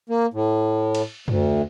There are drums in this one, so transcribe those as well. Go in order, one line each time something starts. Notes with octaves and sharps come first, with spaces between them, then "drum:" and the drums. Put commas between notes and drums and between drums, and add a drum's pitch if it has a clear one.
A#3
A2
drum: cymbal
D2, drum: tom